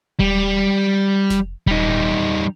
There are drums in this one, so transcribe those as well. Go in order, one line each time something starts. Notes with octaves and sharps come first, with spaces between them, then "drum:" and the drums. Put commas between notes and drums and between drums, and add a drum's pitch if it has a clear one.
G3, drum: kick D#1
drum: snare F1
G3 D#4, drum: kick D#1